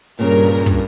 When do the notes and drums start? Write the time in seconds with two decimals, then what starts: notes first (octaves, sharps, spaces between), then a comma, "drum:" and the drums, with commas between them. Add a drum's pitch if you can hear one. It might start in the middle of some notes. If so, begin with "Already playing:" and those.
0.19 G2 A#2 C#3 A#4
0.66 drum: kick